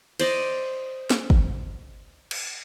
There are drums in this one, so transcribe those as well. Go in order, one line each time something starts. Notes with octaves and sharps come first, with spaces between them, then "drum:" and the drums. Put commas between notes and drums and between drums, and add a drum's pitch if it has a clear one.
C5 D5 D#5, drum: cymbal
drum: snare
drum: kick
drum: cymbal